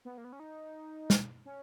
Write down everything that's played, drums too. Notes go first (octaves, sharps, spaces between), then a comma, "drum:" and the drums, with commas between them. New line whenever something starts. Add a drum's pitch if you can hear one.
B3
A#3
B3
C#4
D#4
drum: snare
C#4